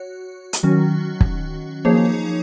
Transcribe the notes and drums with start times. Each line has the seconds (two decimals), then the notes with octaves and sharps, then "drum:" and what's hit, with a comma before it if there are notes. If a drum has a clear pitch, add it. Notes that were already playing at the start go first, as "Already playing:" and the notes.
Already playing: F#4 C#5
0.53 drum: hi-hat
0.63 D#3 F#3 C#4 F#4
1.21 drum: kick
1.85 F3 A#3 D#4 G#4 C#5